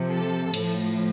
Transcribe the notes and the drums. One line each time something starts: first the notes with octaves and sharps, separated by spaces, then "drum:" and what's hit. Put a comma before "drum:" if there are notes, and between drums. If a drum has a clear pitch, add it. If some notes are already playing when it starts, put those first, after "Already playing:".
Already playing: C3 F3
A4
A2 F3, drum: cymbal